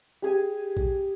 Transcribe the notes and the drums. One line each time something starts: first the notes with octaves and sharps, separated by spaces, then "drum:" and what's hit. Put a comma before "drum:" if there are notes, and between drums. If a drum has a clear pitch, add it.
G4 G#4 G#5
drum: kick A#1